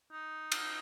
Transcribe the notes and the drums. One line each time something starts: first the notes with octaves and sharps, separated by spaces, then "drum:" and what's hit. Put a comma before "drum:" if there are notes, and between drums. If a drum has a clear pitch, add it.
D#4
drum: cymbal